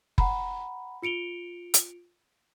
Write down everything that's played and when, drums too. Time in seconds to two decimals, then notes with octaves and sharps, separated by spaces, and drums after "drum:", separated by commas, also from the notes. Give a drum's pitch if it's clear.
0.18 F#5 A#5 B5, drum: kick F#1
1.02 F4 C#7 D7 F7 G7
1.74 drum: hi-hat